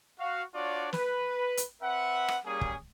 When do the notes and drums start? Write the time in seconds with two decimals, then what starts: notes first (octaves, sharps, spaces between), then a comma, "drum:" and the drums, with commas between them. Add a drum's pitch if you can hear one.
0.19 F#4 F5
0.55 D4 F4 F#4 C#5 D5
0.93 B4, drum: snare
1.57 drum: hi-hat
1.82 C4 B4 E5 F#5
2.28 drum: rim click
2.46 G3 A#3 C#4 G#4
2.61 drum: kick